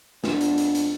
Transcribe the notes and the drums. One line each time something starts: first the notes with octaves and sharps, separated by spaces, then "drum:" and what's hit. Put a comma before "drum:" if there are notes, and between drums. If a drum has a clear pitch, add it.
F2 B3 D4, drum: snare
drum: hi-hat
drum: hi-hat
drum: hi-hat